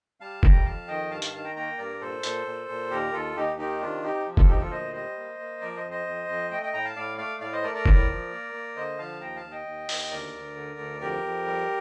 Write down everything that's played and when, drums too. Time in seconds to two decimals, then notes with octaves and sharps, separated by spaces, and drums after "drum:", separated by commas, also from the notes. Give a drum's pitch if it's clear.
0.20 G3 F5 A5
0.43 F2 G5 A#5, drum: kick
0.65 F2 F5 A5
0.88 D#3 D#5 G5
1.11 G2 F5 A5
1.22 F5 A5, drum: hi-hat
1.33 D#3 F5 A5
1.44 G5 A#5
1.56 A#3 G5 A#5
1.78 G2 A#4 D5
2.01 A#2 A4 C5
2.23 A#2, drum: hi-hat
2.46 A#2
2.69 A#2
2.90 D#2 G4 A#4
3.13 D#2 F4 A4
3.36 D#2 D#4 G4
3.58 D#3 D#4 G4
3.81 C3 D4 F4
4.03 C3 D#4 G4
4.26 F3
4.37 F4 A4, drum: kick
4.48 D2 D#4 G4
4.60 F4 A4
4.71 A#2 C5 D#5
4.93 G3 C5 D#5
5.16 A#3
5.39 A#3
5.61 F3 A#4 D5
5.76 C5 D#5
5.84 F2
5.91 C5 D#5
6.07 F2
6.28 F2
6.50 A3 D#5 G5
6.63 D#5 G5
6.73 A2 G5 A#5
6.85 F5 A5
6.96 A2 D5 F5
7.18 A3 D5 F5
7.41 A2 D5 F5
7.52 C5 D#5
7.63 A3 A#4 D5
7.74 A#4 D5
7.86 A2, drum: kick
8.09 F3
8.31 A#3
8.53 A#3
8.76 D3 C5 D#5
8.98 F3 F5 A5
9.21 D#2 G5 A#5
9.36 F5 A5
9.43 D#2
9.51 D#5 G5
9.66 D#2
9.89 D#2, drum: open hi-hat
10.11 D2 A#4 D5
10.34 D2
10.56 D3
10.79 D2
11.01 F2 G4 A#4
11.24 F2
11.46 G3